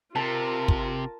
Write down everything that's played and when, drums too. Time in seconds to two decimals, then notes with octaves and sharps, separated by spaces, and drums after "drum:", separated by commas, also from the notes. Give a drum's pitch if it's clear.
0.15 C3 F4 A#4 A5
0.68 drum: kick